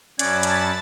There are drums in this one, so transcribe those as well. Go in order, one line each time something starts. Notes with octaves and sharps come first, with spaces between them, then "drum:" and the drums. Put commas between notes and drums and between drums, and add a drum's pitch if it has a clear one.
F#2 C#4 D5 F#5 A5 B5 G#6 A6, drum: hi-hat
drum: hi-hat